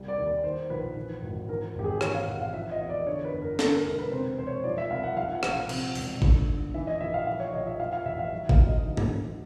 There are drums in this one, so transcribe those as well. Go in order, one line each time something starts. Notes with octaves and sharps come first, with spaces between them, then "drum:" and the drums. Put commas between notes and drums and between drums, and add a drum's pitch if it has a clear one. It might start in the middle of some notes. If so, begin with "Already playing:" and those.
Already playing: C2 G3
D5
D#2
D5
D#3 C5
A#1 B4
E3
G#1
E3 A#4
G#1 G4
G#4
E3 C#5, drum: rim click
F5
A1 F#5
F5
F3 E5
D#5
E2
D5
D3 C#5
B4
G1
A#4
D3 A4, drum: snare
A#4
E1 A#4
B4
C3 C5
E1 C5
C#5
F3 D5
E5
C2 F5
F#5
F3 F5
F#5
A#1, drum: rim click
F5
C3, drum: cymbal
E1, drum: open hi-hat
D3, drum: kick
G1
E3 E5
D#5
A#1 E5
F5
F3 F5
C#5
A#1 D#5
E5
F3 F5
F5
A1 E5
F5
F#3
F5, drum: kick
D2
D#5
E3
drum: tom